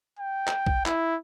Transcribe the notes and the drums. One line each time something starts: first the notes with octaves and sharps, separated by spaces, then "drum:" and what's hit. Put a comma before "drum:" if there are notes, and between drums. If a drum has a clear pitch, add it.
G5
drum: clap
drum: kick
E4, drum: clap